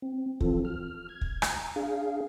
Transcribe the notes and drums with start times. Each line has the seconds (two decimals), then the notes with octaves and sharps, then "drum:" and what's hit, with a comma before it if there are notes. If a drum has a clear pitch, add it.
0.02 C4
0.41 E3 F3 C4 F4 A4, drum: kick
0.65 F6
1.09 G#6
1.21 drum: kick
1.42 A#5, drum: rim click
1.76 D4 G#4 F5